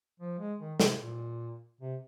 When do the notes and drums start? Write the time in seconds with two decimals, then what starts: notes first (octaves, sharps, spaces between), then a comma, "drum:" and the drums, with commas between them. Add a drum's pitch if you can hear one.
0.20 F3
0.39 G#3
0.60 D#3
0.80 C3, drum: snare
1.00 A#2
1.81 C3